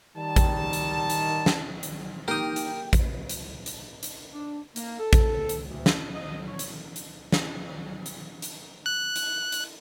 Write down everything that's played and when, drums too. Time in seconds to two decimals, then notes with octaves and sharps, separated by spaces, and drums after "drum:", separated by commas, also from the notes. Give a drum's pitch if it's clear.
0.16 D#3 G3 A5
0.36 drum: kick A1, hi-hat
0.73 drum: hi-hat
1.10 drum: hi-hat
1.46 drum: snare
1.83 drum: hi-hat
2.28 A#3 D#4 G4 A#4 G5 D#6
2.56 drum: hi-hat
2.93 drum: kick A1, hi-hat
3.29 drum: hi-hat
3.66 drum: hi-hat
4.03 drum: hi-hat
4.33 D4
4.76 A#3, drum: hi-hat
4.99 A4
5.13 drum: kick A1, hi-hat
5.49 drum: hi-hat
5.66 D2
5.86 drum: snare
6.15 D#5
6.48 C#5
6.59 drum: hi-hat
6.96 drum: hi-hat
7.32 drum: snare
8.06 drum: hi-hat
8.42 drum: hi-hat
8.86 F#6
9.16 drum: hi-hat
9.52 drum: hi-hat